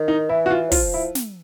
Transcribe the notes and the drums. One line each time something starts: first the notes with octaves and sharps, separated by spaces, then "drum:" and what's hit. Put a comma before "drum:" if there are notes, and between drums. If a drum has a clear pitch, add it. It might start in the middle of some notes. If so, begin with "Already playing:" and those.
Already playing: D#3
D#4
E3 E4
F#4
F4
F#3
F3 F4, drum: kick, open hi-hat
E4
drum: snare